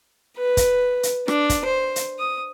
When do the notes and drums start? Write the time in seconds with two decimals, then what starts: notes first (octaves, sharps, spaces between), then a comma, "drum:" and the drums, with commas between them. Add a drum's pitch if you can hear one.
0.37 B4
0.57 drum: kick, hi-hat
1.03 drum: hi-hat
1.28 D4, drum: rim click
1.50 drum: kick, hi-hat
1.65 C5
1.96 drum: hi-hat
2.19 D#6